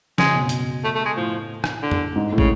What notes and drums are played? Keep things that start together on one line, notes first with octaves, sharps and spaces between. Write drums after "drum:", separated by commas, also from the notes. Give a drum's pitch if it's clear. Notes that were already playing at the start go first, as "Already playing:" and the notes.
C#3 G#3, drum: snare
B2
drum: hi-hat
A3
A3
G#3
A2 F3
drum: rim click
D3
drum: tom F2
G#2
A2
C#3, drum: kick